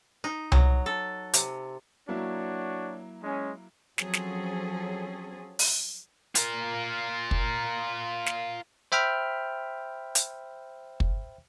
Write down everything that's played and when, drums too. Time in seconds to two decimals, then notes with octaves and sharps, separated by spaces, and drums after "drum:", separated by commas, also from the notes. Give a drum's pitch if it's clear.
0.24 D#4
0.52 F#3, drum: tom C2
0.86 A4
1.33 C3, drum: hi-hat
2.09 F#3 A#3 D4 E4 F#4 C#5
3.23 G#3 C#4
3.98 F3 F#3 C4 C#4 G#4 A4, drum: snare
4.13 drum: snare
5.59 drum: open hi-hat
6.35 F4 A#4, drum: hi-hat
7.31 drum: kick
8.26 drum: snare
8.92 C5 E5 G5 B5 F6
10.15 drum: hi-hat
11.00 drum: kick